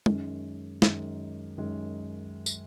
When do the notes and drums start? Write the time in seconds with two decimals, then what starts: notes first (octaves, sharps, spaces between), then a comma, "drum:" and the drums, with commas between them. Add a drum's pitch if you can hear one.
0.06 F#2 D#3 G#3 C#4, drum: tom
0.82 F#2 D#3 G#3 C#4, drum: snare
1.58 F#2 D#3 G#3 C#4
2.46 drum: tambourine